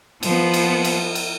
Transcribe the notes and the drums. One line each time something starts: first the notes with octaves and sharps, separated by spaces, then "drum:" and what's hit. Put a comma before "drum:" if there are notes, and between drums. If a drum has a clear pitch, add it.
F3 B3, drum: cymbal
drum: cymbal
drum: cymbal
drum: cymbal